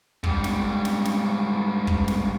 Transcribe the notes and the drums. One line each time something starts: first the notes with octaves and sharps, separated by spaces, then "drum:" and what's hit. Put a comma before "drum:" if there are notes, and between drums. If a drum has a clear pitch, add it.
G#2 G3, drum: kick
drum: snare
drum: snare
drum: snare
drum: kick
drum: snare